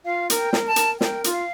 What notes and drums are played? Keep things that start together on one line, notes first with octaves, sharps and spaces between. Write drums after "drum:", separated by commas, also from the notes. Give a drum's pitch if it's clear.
F4 F5
A#4, drum: hi-hat
G5
A#4, drum: snare
A5
A#4, drum: hi-hat
A#4 G5, drum: snare
F4, drum: hi-hat
F5